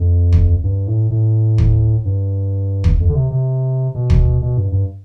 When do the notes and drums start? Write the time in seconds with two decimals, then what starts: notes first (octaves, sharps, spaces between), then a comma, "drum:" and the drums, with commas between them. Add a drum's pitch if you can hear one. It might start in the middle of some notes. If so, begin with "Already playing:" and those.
Already playing: F2
0.32 drum: kick
0.64 G2
0.87 A2
1.10 A2
1.58 drum: kick
2.05 G2
2.84 drum: kick
3.00 F2
3.09 D3
3.15 C3
3.31 C3
3.95 B2
4.10 drum: kick
4.42 B2
4.57 G2
4.72 G2